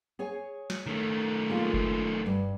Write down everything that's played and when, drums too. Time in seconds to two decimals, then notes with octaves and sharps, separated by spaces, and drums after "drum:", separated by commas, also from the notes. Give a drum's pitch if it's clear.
0.19 G#4 C#5 G#5
0.70 drum: snare
0.86 D#3 A3
1.50 G#3 A#3 F4
1.74 drum: kick F#1
2.26 G2